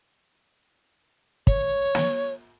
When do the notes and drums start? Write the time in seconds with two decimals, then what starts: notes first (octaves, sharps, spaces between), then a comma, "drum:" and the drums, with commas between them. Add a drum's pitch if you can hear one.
1.47 C#5, drum: kick
1.95 drum: snare